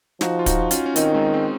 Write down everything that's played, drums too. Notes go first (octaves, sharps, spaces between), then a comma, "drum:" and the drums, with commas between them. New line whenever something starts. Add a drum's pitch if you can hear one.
F3 D#4 F#4, drum: snare
F4
D#4 F#4, drum: kick, hi-hat
C#4 F4, drum: hi-hat
C#4
D#3 C4 D#4, drum: hi-hat
G#3 C4
G#3 C4